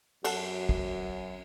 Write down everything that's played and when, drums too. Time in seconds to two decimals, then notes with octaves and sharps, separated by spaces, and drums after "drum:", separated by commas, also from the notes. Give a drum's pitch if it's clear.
0.24 F#2 F#4 A4 F#5 A5, drum: cymbal
0.69 drum: kick